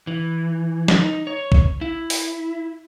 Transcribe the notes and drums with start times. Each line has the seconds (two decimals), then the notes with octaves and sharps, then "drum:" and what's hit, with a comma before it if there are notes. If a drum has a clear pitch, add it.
0.07 E3
0.88 drum: snare
0.99 D#4
1.27 C#5
1.52 drum: kick A#1
1.81 E4
2.10 drum: open hi-hat